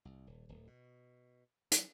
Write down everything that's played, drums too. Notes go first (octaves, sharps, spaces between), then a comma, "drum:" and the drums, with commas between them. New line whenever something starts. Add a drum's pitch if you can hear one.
C2
D#1
D1
B2
F#3, drum: hi-hat